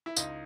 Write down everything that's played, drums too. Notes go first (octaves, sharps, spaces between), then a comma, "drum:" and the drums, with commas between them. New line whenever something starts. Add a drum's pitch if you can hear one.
E4
C#2 D#4, drum: tambourine